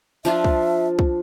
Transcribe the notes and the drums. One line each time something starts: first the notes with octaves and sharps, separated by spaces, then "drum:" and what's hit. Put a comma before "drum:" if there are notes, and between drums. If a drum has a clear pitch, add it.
F3 D4 F4 E5, drum: tambourine
drum: kick
drum: kick